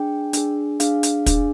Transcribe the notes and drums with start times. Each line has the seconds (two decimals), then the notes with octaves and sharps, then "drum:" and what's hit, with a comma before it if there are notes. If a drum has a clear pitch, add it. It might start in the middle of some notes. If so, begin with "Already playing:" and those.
Already playing: D4 G#4 G5
0.33 D4 G#4, drum: hi-hat
0.80 D4 G#4 F5, drum: hi-hat
1.03 drum: hi-hat
1.26 D4 G#4, drum: kick, hi-hat